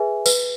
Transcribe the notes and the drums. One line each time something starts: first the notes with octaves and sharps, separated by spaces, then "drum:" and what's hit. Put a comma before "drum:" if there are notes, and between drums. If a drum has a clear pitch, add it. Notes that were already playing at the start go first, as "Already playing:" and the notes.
Already playing: G#4 B4 E5 G#5
B4, drum: tambourine